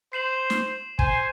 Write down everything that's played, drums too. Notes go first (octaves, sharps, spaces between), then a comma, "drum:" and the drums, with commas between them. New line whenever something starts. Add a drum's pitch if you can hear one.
C5 C7 E7 F#7
drum: snare
C5 G#5, drum: kick